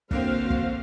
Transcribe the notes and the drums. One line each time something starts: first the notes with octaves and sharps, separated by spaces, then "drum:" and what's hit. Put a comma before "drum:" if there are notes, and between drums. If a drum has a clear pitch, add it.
D3 A#3 C4 F#4 C5 F5, drum: kick
drum: kick